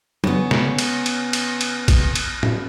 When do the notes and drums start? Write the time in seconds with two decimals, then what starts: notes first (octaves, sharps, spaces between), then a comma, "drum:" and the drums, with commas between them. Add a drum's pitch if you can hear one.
0.24 C#3 B3, drum: tom
0.51 drum: snare
0.78 drum: cymbal
1.06 drum: cymbal
1.33 drum: cymbal
1.61 drum: cymbal
1.88 drum: kick A#1, cymbal
2.16 drum: cymbal
2.43 drum: tom